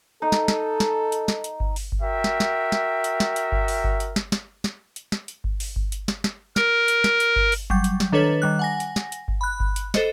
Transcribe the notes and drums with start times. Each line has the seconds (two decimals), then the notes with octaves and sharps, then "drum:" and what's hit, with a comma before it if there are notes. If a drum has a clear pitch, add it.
0.22 D#4 A4
0.32 drum: snare
0.48 drum: snare
0.80 drum: snare
1.12 drum: hi-hat
1.28 drum: snare
1.44 drum: hi-hat
1.60 drum: kick G1
1.76 drum: open hi-hat
1.92 drum: kick G1
2.01 F#4 A#4 E5 G5
2.24 drum: snare
2.40 drum: snare
2.72 drum: snare
3.04 drum: hi-hat
3.20 drum: snare
3.36 drum: hi-hat
3.52 drum: kick G1
3.68 drum: open hi-hat
3.84 drum: kick G1
4.00 drum: hi-hat
4.16 drum: snare
4.32 drum: snare
4.64 drum: snare
4.96 drum: hi-hat
5.12 drum: snare
5.28 drum: hi-hat
5.44 drum: kick G1
5.60 drum: open hi-hat
5.76 drum: kick G1
5.92 drum: hi-hat
6.08 drum: snare
6.24 drum: snare
6.56 A#4, drum: snare
6.88 drum: hi-hat
7.04 drum: snare
7.20 drum: hi-hat
7.36 drum: kick G1
7.52 drum: open hi-hat
7.70 F#3 G3 G6, drum: kick G1
7.84 drum: hi-hat
8.00 drum: snare
8.12 D#3 D4 A4 B4 C#5 A6
8.42 D#3 G3 F#6
8.59 F#5 G#5 A#6
8.80 drum: hi-hat
8.96 drum: snare
9.12 drum: hi-hat
9.28 drum: kick G1
9.41 B5 F#6
9.60 drum: kick G1
9.76 drum: hi-hat
9.94 A4 C5 D#5 C#7, drum: snare